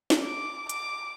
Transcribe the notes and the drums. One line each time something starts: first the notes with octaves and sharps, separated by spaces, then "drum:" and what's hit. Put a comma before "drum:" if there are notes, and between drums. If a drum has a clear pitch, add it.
drum: snare
D6
D6, drum: hi-hat